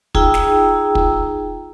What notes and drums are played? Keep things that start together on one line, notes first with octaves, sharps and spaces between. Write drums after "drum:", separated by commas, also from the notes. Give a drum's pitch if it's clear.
D#4 F4 G#4 G5 A#5 E6, drum: kick
drum: snare
drum: kick